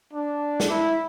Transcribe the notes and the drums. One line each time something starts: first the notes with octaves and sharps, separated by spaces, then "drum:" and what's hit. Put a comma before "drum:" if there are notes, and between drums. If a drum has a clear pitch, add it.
D4
drum: snare
E4